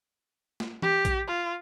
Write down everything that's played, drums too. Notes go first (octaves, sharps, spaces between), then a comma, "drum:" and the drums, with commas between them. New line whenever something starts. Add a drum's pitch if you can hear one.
drum: snare
G4, drum: tom E3
drum: kick A#1, hi-hat
F4